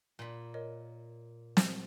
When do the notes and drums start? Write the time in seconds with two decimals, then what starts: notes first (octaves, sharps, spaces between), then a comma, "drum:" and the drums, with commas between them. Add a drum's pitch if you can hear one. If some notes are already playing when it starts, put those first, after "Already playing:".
0.19 A#2 B5
0.54 A#4 C#5 D#5
1.57 drum: snare